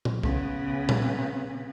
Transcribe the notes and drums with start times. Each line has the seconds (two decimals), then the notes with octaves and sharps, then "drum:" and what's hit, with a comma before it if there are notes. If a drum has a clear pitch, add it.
0.05 drum: tom A#2
0.23 C#3 B3, drum: kick
0.89 drum: tom A#2